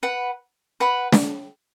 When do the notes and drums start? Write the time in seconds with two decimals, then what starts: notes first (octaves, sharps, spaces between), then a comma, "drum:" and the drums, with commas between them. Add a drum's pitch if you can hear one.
0.03 B4 F#5 B5
0.80 B4 F#5 B5
1.12 drum: snare